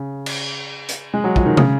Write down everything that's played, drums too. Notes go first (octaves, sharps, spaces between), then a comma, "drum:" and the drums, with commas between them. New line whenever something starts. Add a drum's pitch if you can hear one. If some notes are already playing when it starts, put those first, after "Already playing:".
Already playing: C#3
drum: cymbal
drum: hi-hat
G#3
F#3
F3, drum: kick
D#3
C#3, drum: tom